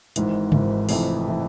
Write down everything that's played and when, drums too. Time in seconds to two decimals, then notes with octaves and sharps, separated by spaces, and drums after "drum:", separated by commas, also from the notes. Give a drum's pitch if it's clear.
0.16 G#1 G#2 E3, drum: hi-hat
0.52 G#1 G#2 E3, drum: tom
0.89 F1 F2 E3, drum: open hi-hat
1.28 E3